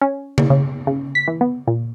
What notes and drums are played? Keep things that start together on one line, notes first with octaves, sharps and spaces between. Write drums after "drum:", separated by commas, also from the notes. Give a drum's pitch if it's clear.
C#4
drum: tom C#3
C#3
C#3
B6
E3
B3
A#2